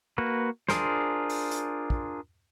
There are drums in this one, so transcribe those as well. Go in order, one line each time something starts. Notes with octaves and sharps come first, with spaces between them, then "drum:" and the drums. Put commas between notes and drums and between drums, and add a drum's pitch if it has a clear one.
A#3 F#4 B4
D4 F4 G#4 A#4 C5, drum: snare
drum: open hi-hat
drum: hi-hat
drum: kick